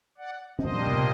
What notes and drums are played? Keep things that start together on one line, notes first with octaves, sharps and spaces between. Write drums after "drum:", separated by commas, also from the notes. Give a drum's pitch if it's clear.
D5 F#5
A#2 G3 A#3 D4 C5 D#5, drum: tom
drum: tom C3